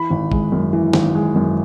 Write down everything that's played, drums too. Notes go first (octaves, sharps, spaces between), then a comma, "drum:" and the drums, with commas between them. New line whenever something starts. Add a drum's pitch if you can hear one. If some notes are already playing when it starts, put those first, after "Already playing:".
Already playing: E3 B5
G#1
G#3, drum: kick G#1
F#2
E3
G#1, drum: snare
G#3
F#2